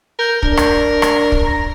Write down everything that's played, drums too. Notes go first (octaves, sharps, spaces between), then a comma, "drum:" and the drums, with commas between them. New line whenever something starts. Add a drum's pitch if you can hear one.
A#4 G6
D4 A#4, drum: kick
drum: rim click
drum: rim click
drum: kick
A#5